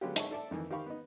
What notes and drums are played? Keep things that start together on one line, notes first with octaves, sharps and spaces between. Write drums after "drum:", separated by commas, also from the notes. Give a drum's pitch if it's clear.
D3 F#3 G#3 B3 F4 G4
G#4 C#5 D#5 E5 A5 C#6, drum: hi-hat
A4 D5 E5 A5
F2 D#3 E3
D#3 G4 C5 F5 B5 C#6
B3 D#4